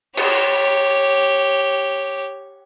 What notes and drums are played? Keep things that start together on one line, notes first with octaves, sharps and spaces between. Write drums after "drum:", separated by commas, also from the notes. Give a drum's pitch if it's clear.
G4 C#5, drum: cymbal